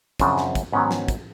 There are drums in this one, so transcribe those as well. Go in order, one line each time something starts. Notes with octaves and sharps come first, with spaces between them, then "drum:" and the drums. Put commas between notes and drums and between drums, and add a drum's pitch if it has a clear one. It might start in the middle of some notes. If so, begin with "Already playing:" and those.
F#2 C#3 F3 C4 D4, drum: kick, hi-hat
drum: snare
drum: kick, hi-hat
G#2 D#3 F#3 B3 C#4
drum: snare
drum: kick, hi-hat